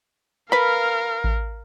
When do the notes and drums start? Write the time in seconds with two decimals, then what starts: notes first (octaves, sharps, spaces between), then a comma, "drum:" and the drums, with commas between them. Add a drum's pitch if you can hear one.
0.52 A#4 B4 F5 B5
1.24 drum: kick A1